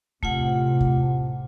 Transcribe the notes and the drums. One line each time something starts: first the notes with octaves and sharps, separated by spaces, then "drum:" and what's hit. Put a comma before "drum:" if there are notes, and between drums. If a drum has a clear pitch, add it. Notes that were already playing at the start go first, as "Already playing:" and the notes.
A2 C3 A3 F4 F#5, drum: kick
drum: kick